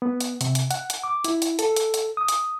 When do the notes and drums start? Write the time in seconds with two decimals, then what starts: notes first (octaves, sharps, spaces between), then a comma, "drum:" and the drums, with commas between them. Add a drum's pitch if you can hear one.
0.02 B3
0.21 drum: hi-hat
0.41 C3, drum: hi-hat
0.55 drum: hi-hat
0.71 F#5, drum: hi-hat
0.90 drum: hi-hat
1.03 D6
1.24 E4, drum: hi-hat
1.42 drum: hi-hat
1.59 A4, drum: hi-hat
1.76 drum: hi-hat
1.94 drum: hi-hat
2.17 D#6
2.28 drum: hi-hat